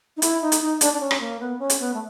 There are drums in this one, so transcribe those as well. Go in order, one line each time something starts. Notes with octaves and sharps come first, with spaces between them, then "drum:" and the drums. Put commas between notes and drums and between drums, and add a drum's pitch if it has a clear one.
D#4
E4, drum: hi-hat
D#4
drum: hi-hat
D#4
D4, drum: hi-hat
D4
C#4
drum: rim click
A#3
B3
C#4
drum: hi-hat
B3
A3